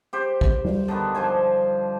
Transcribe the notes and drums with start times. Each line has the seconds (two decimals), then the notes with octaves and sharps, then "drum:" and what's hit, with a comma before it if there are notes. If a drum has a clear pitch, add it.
0.13 G4 C5
0.41 drum: kick A1
0.65 drum: tom G3
0.88 D3 D#3 B3
1.15 G2 F3 C5 G#5